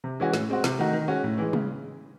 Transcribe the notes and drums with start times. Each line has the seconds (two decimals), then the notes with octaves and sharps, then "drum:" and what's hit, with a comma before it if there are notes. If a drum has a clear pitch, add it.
0.04 C3
0.20 E3 G#3 C#4 F#4
0.33 A2, drum: snare
0.49 G#3 C4 F#4
0.64 C3, drum: snare
0.79 D#3 A3 D#4 F#4
0.93 D#3
1.08 G#3 C#4 F#4
1.24 A2
1.38 E3 G#3
1.53 C#3, drum: tom G3